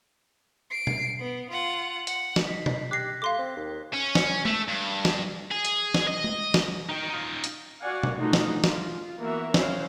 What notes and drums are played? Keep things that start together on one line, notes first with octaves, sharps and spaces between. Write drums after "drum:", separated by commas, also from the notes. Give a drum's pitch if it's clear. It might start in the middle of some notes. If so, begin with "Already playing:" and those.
C7 D7
drum: tom B2
B3
F4 F#5
F#5, drum: hi-hat
drum: snare
D#4 B6 C7
drum: tom B2
G4 D6 F#6 G#6 A#6 C7
A3 F5 C6 D6
C4
D#2
C#4
drum: snare
A3, drum: tom G#3
G2
drum: snare
G#4
drum: hi-hat
drum: snare
D#5
drum: tom G#3
drum: snare
D#4 G5
D#4 F4
drum: hi-hat
F#4 D5 F5 F#5 G#5
drum: tom B2
E3 A3 D4 D#4 F4 F#4
drum: snare
F4, drum: snare
E3 A#3 B3 F#4 A#4 E5
C4 C#4 E4 F#4 C5 F5, drum: snare